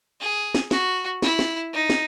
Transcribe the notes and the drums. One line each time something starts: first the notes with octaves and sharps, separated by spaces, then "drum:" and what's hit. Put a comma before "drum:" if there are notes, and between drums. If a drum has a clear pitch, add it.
G#4
drum: snare
F#4, drum: snare
E4, drum: snare
drum: snare
D#4
drum: snare